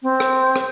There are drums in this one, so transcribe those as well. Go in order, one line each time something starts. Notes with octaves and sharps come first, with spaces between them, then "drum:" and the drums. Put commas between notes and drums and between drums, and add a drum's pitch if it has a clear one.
C4
drum: rim click
drum: rim click